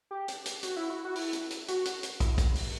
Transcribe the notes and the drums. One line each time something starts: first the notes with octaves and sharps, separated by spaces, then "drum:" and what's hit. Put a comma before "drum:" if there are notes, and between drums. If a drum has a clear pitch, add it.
G4
drum: hi-hat
drum: hi-hat
F#4, drum: hi-hat
E4
F#4
F#4
E4, drum: open hi-hat
drum: hi-hat
drum: hi-hat
F#4, drum: hi-hat
drum: hi-hat
drum: hi-hat
E4, drum: kick, hi-hat
drum: kick, hi-hat
drum: open hi-hat